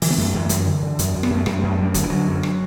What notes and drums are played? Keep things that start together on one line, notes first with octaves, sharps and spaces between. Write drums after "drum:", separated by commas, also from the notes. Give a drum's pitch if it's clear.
D3 E3, drum: open hi-hat
B3
F#2 A3
F#2 E3
F#2, drum: hi-hat
D3
D3
F#2, drum: hi-hat
F#2
B3, drum: rim click
F#2
A3
F#2 G3, drum: rim click
A3
F#2
A3
F#2 G3
D3 F#3, drum: kick F1, hi-hat
E3
D3 F#3
F#2
drum: rim click